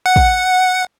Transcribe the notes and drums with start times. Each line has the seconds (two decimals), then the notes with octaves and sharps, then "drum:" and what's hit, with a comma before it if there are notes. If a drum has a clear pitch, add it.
0.06 F#5
0.16 drum: kick